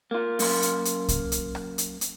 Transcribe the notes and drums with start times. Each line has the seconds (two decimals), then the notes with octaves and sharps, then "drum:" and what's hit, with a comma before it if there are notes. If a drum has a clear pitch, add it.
0.11 A#3 F4
0.39 F#2 A#3 C6, drum: open hi-hat
0.62 drum: hi-hat
0.85 drum: hi-hat
1.08 drum: kick C2, hi-hat
1.32 drum: hi-hat
1.55 drum: rim click
1.78 drum: hi-hat
2.01 drum: hi-hat